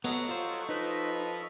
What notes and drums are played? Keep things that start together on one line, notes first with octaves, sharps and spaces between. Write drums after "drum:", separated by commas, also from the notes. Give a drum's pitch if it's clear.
F#3 B3 A4 D#5 C#6, drum: cymbal
F4 C5
F3 D#4 B4